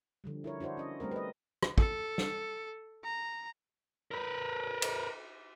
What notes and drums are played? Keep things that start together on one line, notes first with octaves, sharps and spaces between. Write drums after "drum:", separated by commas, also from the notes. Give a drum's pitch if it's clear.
D3 F3 G3
E4 A#4 C#5
D4 E4 F#4 C5 C#5
C#4 D#5
G3 A3 C4 A#4
B4 D#5
drum: rim click
A4, drum: kick
drum: snare
A#5
A#4 B4
drum: cymbal